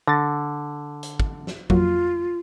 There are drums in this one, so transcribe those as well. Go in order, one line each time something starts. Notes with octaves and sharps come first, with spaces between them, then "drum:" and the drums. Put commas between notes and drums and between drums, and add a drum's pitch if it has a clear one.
D3 A6 A#6
drum: hi-hat
drum: kick
drum: snare
F2 F#3 A#3 F4, drum: kick